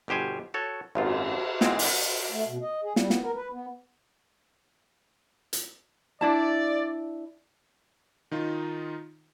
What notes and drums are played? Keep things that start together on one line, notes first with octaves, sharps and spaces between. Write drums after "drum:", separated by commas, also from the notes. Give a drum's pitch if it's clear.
G1 B2 G4 C5 G#5
F#4 A4 C#5
G#1 F#2 F4, drum: cymbal
G#2 E3 G#3 C4, drum: snare
drum: open hi-hat
A3
B2
D#5
G#4
G3, drum: snare
B3, drum: snare
A#4
B4
B3
drum: hi-hat
D4 E4 D5 A5
D#3 D#4 F4